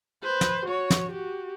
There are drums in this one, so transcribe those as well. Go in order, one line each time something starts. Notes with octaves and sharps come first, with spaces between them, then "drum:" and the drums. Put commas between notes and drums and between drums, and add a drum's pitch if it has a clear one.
B4 C5
drum: snare
F#4 C#5
drum: snare
F#4 G4